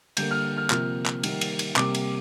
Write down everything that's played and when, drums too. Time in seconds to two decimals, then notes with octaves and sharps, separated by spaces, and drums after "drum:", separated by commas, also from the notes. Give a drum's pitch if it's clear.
0.17 D3 G3 A#3 G6, drum: cymbal
0.31 F6
0.57 F6
0.70 C3 F3 A#3 F6, drum: clap
1.06 drum: clap
1.23 D#3 G3 A#3, drum: cymbal
1.41 drum: cymbal
1.59 drum: cymbal
1.76 C3 G3 A#3 D6, drum: clap
1.95 drum: cymbal